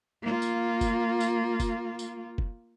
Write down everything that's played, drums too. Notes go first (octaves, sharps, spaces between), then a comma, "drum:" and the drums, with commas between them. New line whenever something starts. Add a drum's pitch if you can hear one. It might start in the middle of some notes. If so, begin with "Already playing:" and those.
A#3 F4
drum: tambourine
drum: kick F1, tambourine
drum: tambourine
drum: kick F1, tambourine
drum: tambourine
drum: kick F1